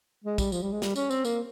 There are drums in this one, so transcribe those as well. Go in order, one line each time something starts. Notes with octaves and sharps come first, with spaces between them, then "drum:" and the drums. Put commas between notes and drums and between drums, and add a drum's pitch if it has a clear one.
G#3
G3, drum: kick, tambourine
F3, drum: tambourine
G3
G#3
G3, drum: snare
C#4, drum: tambourine
C4, drum: tambourine
A#3, drum: tambourine